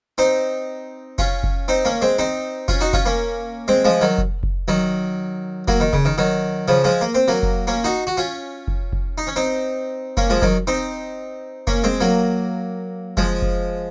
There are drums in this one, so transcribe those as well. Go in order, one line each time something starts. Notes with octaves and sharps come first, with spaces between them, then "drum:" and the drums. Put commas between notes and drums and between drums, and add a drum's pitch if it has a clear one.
C4 D#4
C#4 F4, drum: kick F1
drum: kick F1
C4 D#4
A#3 C#4
G#3 C4
C4 D#4
C#4 F4, drum: kick F1
D#4 F#4
C#4 F4, drum: kick F1
A#3 C#4
G#3 C4
F3 G#3
D#3 F#3
drum: kick F1
drum: kick F1
D#3 F#3
F#3 A#3, drum: kick F1
D#3
C#3, drum: kick F1
D#3
D#3 F#3
C#3 F3
F3 G#3
A#3
C4
F#3 A#3
drum: kick F1
A#3 C#4
D#4 F#4
F#4
C#4 F4
drum: kick F1
drum: kick F1
D#4
C#4
C4 D#4
A#3 C#4, drum: kick F1
F3 G#3
D#3 F#3, drum: kick F1
C4 D#4
A#3 C#4, drum: kick F1
G#3 C4
F#3 A#3
F3 G#3, drum: kick F1
drum: kick F1